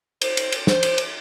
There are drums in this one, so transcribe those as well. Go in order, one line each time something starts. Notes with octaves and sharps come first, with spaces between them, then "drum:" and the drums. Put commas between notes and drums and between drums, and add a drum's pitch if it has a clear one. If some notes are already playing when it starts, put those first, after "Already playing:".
C5, drum: cymbal
drum: cymbal
drum: cymbal
C5, drum: snare
drum: cymbal
drum: cymbal